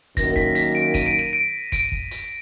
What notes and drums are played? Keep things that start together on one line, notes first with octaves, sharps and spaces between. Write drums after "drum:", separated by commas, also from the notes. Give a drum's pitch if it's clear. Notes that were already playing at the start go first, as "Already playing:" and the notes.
F#2 D#3 A#3 A#6, drum: kick, hi-hat
B6, drum: kick
B6, drum: hi-hat
D7
D#7, drum: kick, hi-hat
D7
D#7
D7
D7, drum: kick, hi-hat
drum: kick
drum: hi-hat